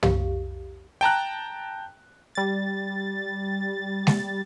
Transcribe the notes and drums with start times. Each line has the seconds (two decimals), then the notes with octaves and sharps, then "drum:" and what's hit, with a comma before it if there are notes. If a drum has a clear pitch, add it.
0.03 G4 F5, drum: tom
1.01 G5 A5 A#5 F#6
2.35 G3 A6
4.07 drum: snare G#3